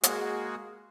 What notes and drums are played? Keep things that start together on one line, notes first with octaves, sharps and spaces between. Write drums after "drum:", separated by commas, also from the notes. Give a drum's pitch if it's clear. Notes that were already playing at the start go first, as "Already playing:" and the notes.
G#3 A#3 F#4 G#4, drum: hi-hat